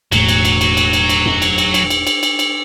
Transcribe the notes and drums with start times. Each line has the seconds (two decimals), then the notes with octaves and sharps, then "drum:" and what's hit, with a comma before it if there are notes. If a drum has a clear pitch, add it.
0.12 E1 A2 F#3, drum: cymbal
0.28 drum: cymbal
0.45 drum: cymbal
0.61 drum: cymbal
0.77 drum: cymbal
0.93 drum: cymbal
1.09 drum: cymbal
1.26 drum: tom F#2
1.42 drum: cymbal
1.58 drum: cymbal
1.74 drum: cymbal
1.90 drum: cymbal
2.07 drum: cymbal
2.23 drum: cymbal
2.39 drum: cymbal